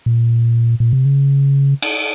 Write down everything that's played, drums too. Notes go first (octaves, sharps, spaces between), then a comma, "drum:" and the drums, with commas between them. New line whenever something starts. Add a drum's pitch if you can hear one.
A#2
A#2
C3
C#3
drum: cymbal